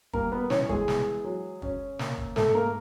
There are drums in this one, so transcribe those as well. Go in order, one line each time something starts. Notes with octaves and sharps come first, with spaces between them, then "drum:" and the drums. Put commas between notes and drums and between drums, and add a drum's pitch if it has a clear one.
G3 A#3 A#4, drum: kick
B3 B4
E3 C#4 C#5, drum: snare
G#3 G#4, drum: kick
B3, drum: snare
F#3
C#4, drum: kick
A#3, drum: snare
drum: kick
G#2 A3 A4, drum: snare
A#3 A#4